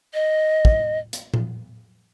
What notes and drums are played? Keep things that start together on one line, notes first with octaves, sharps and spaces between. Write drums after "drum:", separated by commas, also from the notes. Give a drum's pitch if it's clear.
D#5
drum: kick
drum: hi-hat
drum: tom A#2